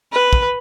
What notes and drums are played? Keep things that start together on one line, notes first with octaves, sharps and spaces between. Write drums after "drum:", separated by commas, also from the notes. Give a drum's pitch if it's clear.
B4
drum: kick